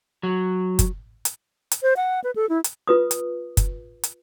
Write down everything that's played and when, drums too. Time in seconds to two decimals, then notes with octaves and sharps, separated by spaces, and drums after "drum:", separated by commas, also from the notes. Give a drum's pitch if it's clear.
0.23 F#3
0.79 drum: kick F#1, hi-hat
1.25 drum: hi-hat
1.71 drum: hi-hat
1.82 C5
1.97 F#5
2.24 B4
2.36 A4
2.49 E4
2.64 drum: hi-hat
2.87 F4 B4 D#6
3.11 drum: hi-hat
3.57 drum: kick F#1, hi-hat
4.03 drum: hi-hat